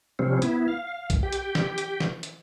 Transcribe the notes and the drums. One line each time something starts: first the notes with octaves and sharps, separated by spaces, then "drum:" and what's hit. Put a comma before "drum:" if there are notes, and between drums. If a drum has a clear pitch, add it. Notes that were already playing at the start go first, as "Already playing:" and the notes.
C3 F3 G3 C4 C#4
B3 E4, drum: hi-hat
F5
drum: kick B1, hi-hat
G4 G5
drum: hi-hat
drum: snare
drum: hi-hat
drum: snare
drum: hi-hat